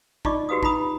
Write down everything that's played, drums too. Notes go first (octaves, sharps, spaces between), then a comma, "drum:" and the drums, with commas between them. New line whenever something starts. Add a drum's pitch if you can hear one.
D#4 F4 D5 D#5 C#6 D6, drum: kick A1
F#4 G4 B4 F5 D#6
D#4 F4 A#5 B5 D#6, drum: kick A1